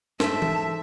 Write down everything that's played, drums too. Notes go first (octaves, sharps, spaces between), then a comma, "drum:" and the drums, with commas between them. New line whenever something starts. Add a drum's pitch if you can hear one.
G#2 A3 E5 A5, drum: snare
drum: tom E3